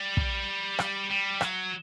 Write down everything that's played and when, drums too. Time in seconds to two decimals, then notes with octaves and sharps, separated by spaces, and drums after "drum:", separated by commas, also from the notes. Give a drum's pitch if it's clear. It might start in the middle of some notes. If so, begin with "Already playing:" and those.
Already playing: G3
0.17 drum: kick
0.79 drum: rim click
1.10 G3
1.41 F#3, drum: rim click